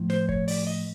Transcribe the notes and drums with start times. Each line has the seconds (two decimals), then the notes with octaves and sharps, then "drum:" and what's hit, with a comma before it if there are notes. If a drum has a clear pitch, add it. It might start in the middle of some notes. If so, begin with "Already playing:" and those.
Already playing: A2 F3
0.10 C5, drum: snare
0.29 C#5, drum: kick
0.48 D5, drum: open hi-hat
0.67 D#5